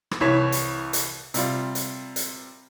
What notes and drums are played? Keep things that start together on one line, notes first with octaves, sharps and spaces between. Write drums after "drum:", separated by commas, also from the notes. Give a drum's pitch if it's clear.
drum: rim click
C2 E3 C#5 B6 E7
drum: hi-hat
drum: hi-hat
C3 G3 F4, drum: hi-hat
drum: hi-hat
drum: hi-hat